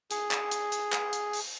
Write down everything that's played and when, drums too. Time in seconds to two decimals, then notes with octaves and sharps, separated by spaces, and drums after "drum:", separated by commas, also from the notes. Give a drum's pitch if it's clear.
0.11 G#4, drum: hi-hat
0.31 drum: clap
0.51 drum: hi-hat
0.72 drum: hi-hat
0.92 drum: clap
1.13 drum: hi-hat
1.33 drum: open hi-hat